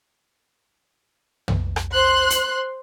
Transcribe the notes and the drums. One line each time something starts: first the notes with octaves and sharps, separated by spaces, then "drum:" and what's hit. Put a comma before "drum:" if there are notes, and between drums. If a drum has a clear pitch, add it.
drum: tom
drum: rim click
C5 C6 F#6
drum: hi-hat